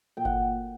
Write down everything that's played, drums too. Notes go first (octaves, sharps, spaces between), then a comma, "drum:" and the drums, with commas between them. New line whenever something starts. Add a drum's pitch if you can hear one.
A#2 G5
F#5, drum: kick G1